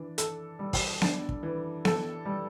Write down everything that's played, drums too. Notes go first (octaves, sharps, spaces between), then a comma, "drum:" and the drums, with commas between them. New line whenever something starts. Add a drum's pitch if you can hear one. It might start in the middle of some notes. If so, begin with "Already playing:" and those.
Already playing: E3 D4
A4, drum: hi-hat
G3
drum: kick, open hi-hat
D4, drum: snare B3
drum: kick
E3
A4, drum: snare B3
G3